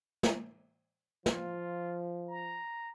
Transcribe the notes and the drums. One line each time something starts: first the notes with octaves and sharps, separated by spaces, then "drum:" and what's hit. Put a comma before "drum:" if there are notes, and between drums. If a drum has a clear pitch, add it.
drum: snare
F3 F4, drum: snare
A#5